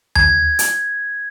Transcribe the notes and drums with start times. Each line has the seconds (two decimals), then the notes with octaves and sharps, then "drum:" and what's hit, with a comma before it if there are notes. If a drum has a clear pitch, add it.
0.15 G#6, drum: tom D#2
0.59 drum: hi-hat